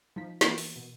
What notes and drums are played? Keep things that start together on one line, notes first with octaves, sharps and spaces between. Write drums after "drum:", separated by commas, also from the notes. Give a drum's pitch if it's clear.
F3 D#4 B6
E3 A#3 B3 F#4 A#4 B4, drum: snare
drum: open hi-hat
B2